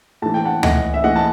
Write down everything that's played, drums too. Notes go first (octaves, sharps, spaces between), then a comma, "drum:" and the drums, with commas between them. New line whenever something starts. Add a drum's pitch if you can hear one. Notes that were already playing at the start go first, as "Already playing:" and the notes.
A2 E3 A5
G5
F#5 A5
A2 E3 D#5 F#5, drum: tom D2
E5
A2 E3 D#5 F#5
A5